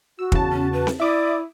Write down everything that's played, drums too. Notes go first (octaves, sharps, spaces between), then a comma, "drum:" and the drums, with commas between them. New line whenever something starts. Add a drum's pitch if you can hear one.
F#4 E6
E2 C#3 A5, drum: kick
C#4
B4
drum: snare C4
E4 D5 E5 D6 D#6